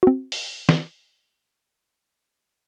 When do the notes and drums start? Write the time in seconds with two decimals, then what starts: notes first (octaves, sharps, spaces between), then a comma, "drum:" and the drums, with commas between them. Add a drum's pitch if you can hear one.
0.03 C4 F#4
0.32 drum: open hi-hat
0.69 drum: snare